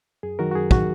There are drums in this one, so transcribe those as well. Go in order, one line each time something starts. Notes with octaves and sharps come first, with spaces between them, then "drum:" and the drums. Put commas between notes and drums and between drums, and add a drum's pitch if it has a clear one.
F#2 G#4
D#3 F#3 F#4 A#4
F#4
F#2 G#4
D#3 F#3 F#4, drum: kick